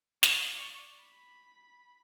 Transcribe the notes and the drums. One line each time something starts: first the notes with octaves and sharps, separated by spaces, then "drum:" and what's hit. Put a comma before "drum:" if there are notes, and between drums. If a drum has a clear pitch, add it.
D5 C#6, drum: snare
B5